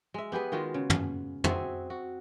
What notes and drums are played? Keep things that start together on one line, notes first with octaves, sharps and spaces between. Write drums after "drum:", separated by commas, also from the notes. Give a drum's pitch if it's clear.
G#3 E5
B3 G4 G#4 B4
D#3 G#3 F4 F#4
C#3
drum: tom
C4 F#4 G#4 E5, drum: tom
F#4